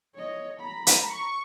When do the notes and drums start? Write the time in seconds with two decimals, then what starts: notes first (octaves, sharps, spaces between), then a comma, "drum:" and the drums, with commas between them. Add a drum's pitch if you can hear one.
0.15 C#5 D#5
0.60 A#5 B5
0.87 drum: hi-hat
1.10 C#6